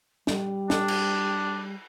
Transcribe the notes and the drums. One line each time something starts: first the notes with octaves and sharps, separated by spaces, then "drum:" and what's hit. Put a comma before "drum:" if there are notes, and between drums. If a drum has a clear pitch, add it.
G3, drum: snare
D4, drum: snare
drum: cymbal